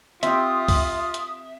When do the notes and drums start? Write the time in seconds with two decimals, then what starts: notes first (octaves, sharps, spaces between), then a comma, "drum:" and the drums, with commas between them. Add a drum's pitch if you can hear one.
0.23 C4 F4 G4 E5 D#6, drum: hi-hat
0.68 drum: kick, open hi-hat
1.14 drum: hi-hat